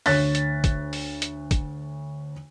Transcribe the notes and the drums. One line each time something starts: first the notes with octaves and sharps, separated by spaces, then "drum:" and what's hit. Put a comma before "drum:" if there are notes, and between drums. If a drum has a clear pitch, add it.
D2 C#5 F#6 A6 B6, drum: open hi-hat
drum: hi-hat
drum: kick, hi-hat
drum: open hi-hat
drum: hi-hat
drum: kick, hi-hat